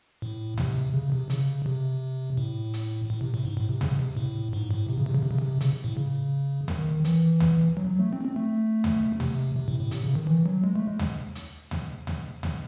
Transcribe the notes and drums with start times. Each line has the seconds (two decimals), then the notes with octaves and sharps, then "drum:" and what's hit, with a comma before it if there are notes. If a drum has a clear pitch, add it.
0.22 A2
0.58 C3, drum: tom D2
0.94 C#3
1.12 C3
1.30 C#3, drum: hi-hat
1.66 C3
2.37 A2
2.74 drum: hi-hat
3.10 A2
3.21 C3
3.34 A2
3.45 G#2
3.57 A2
3.69 C3
3.81 C#3, drum: tom D2
3.99 C3
4.17 A2
4.53 G#2
4.71 A2
4.89 C3
4.98 C#3
5.06 C3
5.15 C#3
5.23 C3
5.31 C#3
5.39 C3
5.61 C#3, drum: hi-hat
5.84 A2
5.97 C#3
6.68 D#3, drum: tom D2
7.05 E3, drum: hi-hat
7.40 drum: tom D2
7.77 F#3
7.88 F#3
8.00 A3
8.13 C4
8.24 C4
8.36 A3
8.84 drum: tom D2
9.20 C3, drum: tom D2
9.56 C3
9.68 A2
9.80 A2
9.91 C3, drum: hi-hat
10.04 C#3
10.15 D#3
10.27 E3
10.46 F#3
10.64 G#3
10.76 A3
10.87 G#3
10.99 drum: tom D2
11.35 drum: hi-hat
11.71 drum: tom D2
12.07 drum: tom D2
12.43 drum: tom D2